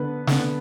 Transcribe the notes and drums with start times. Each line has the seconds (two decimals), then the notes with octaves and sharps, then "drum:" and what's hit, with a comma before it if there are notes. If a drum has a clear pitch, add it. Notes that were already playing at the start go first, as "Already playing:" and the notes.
Already playing: D3 B3 B4
0.27 D3 B3, drum: snare